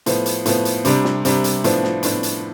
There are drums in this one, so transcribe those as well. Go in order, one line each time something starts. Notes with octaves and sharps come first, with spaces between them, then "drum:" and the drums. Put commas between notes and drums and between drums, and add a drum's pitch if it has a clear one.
A2 F3 B3, drum: hi-hat
drum: hi-hat
A2 F3 B3, drum: hi-hat
drum: hi-hat
C3 G3 D4, drum: hi-hat
drum: snare
C3 G3 D4, drum: hi-hat
drum: hi-hat
A2 F3 B3 D4, drum: hi-hat
drum: snare
A2 F3 B3 D4, drum: hi-hat
drum: hi-hat